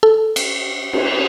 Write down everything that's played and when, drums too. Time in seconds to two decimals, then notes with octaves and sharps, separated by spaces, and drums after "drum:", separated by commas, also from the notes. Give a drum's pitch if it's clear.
0.03 A4
0.36 drum: cymbal
0.93 drum: cymbal